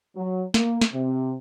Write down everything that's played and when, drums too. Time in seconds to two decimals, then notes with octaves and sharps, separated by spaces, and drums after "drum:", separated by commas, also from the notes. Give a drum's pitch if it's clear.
0.16 F#3
0.54 A#3, drum: snare
0.81 drum: snare
0.93 C3